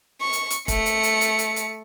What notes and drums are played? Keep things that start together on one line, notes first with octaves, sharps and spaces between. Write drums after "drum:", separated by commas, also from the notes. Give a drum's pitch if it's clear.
C#6
drum: hi-hat
drum: hi-hat
A3 C#7, drum: kick, hi-hat
drum: hi-hat
drum: hi-hat
drum: hi-hat
drum: hi-hat
drum: hi-hat